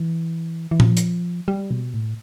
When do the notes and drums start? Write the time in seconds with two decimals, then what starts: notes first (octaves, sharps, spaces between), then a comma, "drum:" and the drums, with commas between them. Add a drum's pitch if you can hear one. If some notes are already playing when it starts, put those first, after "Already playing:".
Already playing: E3
0.71 E3
0.80 F3, drum: tom A#2
0.97 drum: hi-hat
1.48 G3
1.71 B2
1.94 A2